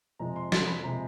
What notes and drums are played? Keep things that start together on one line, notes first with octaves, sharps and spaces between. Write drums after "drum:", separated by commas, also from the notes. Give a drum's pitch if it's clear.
F2 C3 F3 G#3 A#5
C6
C6, drum: snare
B5
C3 F3 G#3 A#5